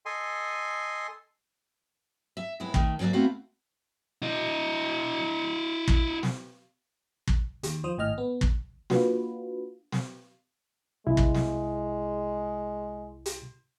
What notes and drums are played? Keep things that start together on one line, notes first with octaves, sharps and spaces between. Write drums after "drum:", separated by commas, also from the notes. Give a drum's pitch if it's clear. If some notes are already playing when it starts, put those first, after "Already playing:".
A4 D#5 G#5 C6
E5
D#2 G#3 B3 E4
D#3 A3, drum: kick
G#2 F#3 A#3 D5 E5
A3 B3 C4 E4 F#4 F5
E4 D#5
drum: kick
drum: snare
drum: kick
D#2, drum: hi-hat
F3 C5 D#6
G#1 A2 D#5 F6
B3
drum: kick
A#3 D4 F4 F#4 B4, drum: snare
drum: snare
C2 G#3 E4
drum: kick
drum: snare
drum: hi-hat